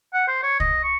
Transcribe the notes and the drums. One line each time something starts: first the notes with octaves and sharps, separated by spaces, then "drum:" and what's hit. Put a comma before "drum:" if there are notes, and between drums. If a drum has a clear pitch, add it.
F#5
C5
C#5
D#5, drum: kick
C#6